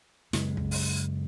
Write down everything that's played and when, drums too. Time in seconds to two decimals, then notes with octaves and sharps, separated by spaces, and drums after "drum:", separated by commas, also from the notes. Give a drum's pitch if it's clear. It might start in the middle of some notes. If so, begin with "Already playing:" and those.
0.33 F#2 C#3 G#3, drum: snare
0.57 drum: kick
0.71 drum: open hi-hat